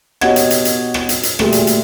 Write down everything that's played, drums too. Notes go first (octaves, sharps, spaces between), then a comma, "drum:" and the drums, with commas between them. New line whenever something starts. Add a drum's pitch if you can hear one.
B2 G4 C#5 D#5 F#5 G#6, drum: rim click
drum: hi-hat
drum: hi-hat
drum: hi-hat
drum: rim click
drum: hi-hat
drum: hi-hat
D2 A#2 G3 G#4, drum: rim click
drum: hi-hat
drum: hi-hat